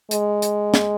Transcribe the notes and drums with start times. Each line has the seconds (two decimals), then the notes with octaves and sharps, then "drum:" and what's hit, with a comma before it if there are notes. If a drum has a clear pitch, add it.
0.11 G#3, drum: hi-hat
0.42 drum: hi-hat
0.74 drum: snare